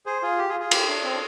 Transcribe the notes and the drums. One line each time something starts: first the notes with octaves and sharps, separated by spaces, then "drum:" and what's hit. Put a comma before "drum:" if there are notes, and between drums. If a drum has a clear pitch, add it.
G#4 C5
F4 G#4
G4
F4 G#4
F4 G#4
G4, drum: cymbal
D4
C4
D4